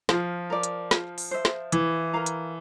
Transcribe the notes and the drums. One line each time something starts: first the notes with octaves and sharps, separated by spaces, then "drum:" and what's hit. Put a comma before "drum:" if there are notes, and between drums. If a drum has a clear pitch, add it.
F3 F4, drum: snare
A#4 D5
drum: hi-hat
F4, drum: snare
drum: open hi-hat
C5 E5
drum: snare
E3 E4, drum: hi-hat
A#4 F5 A#5
drum: hi-hat